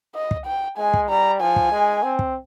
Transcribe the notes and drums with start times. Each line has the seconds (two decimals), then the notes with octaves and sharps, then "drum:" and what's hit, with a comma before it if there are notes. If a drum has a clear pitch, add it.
0.15 D#5
0.31 drum: kick
0.46 G5
0.78 G#3 G#5
0.94 drum: kick
1.09 G3 A#5
1.41 F3 G#5
1.56 drum: kick
1.72 G#3
2.03 C4
2.19 drum: kick